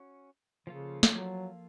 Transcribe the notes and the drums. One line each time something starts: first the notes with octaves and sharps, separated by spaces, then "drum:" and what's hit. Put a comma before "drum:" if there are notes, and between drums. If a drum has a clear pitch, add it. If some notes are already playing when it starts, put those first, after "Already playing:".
Already playing: C#4 F#4
C#3 F3 A#3 F4 A4
drum: snare
F#3